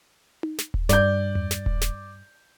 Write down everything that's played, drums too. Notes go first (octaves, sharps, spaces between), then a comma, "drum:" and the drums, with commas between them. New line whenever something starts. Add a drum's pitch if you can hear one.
drum: tom D#4
drum: snare
drum: kick D#1
G2 D5 G6, drum: snare
drum: tom E2
drum: snare
drum: kick D#1
drum: snare